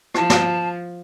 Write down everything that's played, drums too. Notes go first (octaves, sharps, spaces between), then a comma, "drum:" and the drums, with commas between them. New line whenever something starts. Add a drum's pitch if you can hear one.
F3 A5, drum: rim click
drum: snare